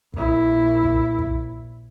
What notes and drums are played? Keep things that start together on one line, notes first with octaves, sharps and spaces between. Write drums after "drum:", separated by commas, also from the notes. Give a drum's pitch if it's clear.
A#1 E4, drum: kick
drum: kick
drum: kick